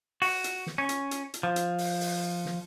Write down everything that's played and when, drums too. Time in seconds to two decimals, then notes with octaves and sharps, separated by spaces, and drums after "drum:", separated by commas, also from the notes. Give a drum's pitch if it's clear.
0.22 F#4, drum: open hi-hat
0.44 drum: hi-hat
0.66 drum: snare
0.78 C#4
0.89 drum: hi-hat
1.11 drum: hi-hat
1.34 drum: hi-hat
1.43 F3
1.56 drum: hi-hat
1.78 drum: open hi-hat
2.01 drum: open hi-hat
2.46 drum: snare